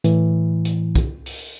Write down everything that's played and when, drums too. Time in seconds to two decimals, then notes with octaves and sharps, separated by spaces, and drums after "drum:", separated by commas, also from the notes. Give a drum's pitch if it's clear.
0.04 A2 E3, drum: hi-hat
0.65 drum: hi-hat
0.95 drum: kick, hi-hat
1.26 drum: open hi-hat